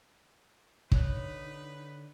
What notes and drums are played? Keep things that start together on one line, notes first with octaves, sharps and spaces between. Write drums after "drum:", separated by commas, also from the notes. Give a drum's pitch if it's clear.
D3 D#4 B4 C#5 F#6, drum: kick